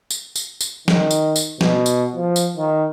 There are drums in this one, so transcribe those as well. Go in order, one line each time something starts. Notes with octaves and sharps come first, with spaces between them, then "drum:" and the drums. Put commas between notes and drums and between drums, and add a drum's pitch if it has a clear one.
drum: tambourine
drum: tambourine
drum: tambourine
D#3, drum: snare
drum: tambourine
drum: tambourine
B2, drum: snare
drum: tambourine
F3
drum: tambourine
D#3